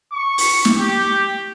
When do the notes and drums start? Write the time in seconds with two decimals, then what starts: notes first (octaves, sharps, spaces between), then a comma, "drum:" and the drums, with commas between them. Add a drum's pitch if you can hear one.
0.13 C#6
0.38 drum: open hi-hat
0.65 drum: snare
0.76 G4